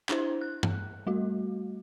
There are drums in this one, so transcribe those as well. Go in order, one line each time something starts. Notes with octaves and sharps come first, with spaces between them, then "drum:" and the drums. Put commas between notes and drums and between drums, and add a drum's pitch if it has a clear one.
D4 E4 C5, drum: clap
F#6
drum: tom G2
G3 A3 F#4